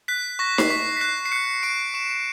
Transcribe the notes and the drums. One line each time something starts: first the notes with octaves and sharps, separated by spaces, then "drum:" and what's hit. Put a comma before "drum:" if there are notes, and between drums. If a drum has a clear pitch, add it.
F#6 B6
C#6 A#6
C7, drum: snare D#4
C#6 B6
B6
F#6 C7
C7
F#6 C#7
C#6 D7
C#6 E7